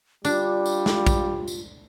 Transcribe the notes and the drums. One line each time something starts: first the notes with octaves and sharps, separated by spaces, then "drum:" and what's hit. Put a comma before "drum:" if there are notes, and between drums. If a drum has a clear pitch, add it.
G3 D4 F4, drum: tambourine
drum: tambourine
drum: snare
drum: kick, tambourine
drum: tambourine